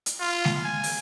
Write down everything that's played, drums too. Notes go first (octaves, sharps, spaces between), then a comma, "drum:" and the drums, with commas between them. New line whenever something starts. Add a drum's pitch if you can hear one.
drum: hi-hat
F4
drum: snare G#3
G#5
drum: open hi-hat